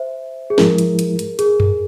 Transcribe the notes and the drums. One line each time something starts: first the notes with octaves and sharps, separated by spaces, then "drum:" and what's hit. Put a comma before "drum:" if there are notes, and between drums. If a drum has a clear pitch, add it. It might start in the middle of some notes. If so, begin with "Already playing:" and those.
Already playing: C5 E5
G#4
G#2 F3 G#3 E4 A#4, drum: snare
drum: hi-hat
drum: hi-hat
drum: hi-hat
G#4, drum: hi-hat
drum: tom F#2